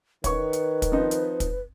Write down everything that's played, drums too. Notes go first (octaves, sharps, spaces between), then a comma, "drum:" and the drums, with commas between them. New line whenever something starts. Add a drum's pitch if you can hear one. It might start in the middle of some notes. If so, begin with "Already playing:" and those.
D#3 B4 C#5 C#6, drum: kick, hi-hat
drum: hi-hat
drum: kick, hi-hat
F3 C4 D#4
drum: hi-hat
drum: kick, hi-hat